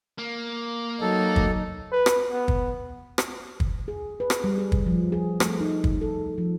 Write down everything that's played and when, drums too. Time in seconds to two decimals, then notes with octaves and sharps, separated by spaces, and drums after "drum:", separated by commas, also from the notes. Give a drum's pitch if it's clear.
0.18 A#3
1.01 F#3 D#4 A4
1.36 drum: kick
1.92 B4
2.06 drum: rim click
2.32 B3
2.48 drum: kick
3.18 drum: rim click
3.60 drum: kick
3.88 G#4
4.20 B4
4.30 drum: rim click
4.44 G3
4.58 G#4
4.72 drum: kick
4.86 F3
5.12 G#4
5.40 A3, drum: rim click
5.60 D#4
5.84 drum: kick
6.01 A4
6.38 F3